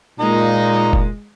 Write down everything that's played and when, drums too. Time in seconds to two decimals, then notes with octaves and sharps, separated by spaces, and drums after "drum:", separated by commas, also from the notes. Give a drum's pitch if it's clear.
0.20 A#2 G#3 D#4 A#5
0.93 drum: kick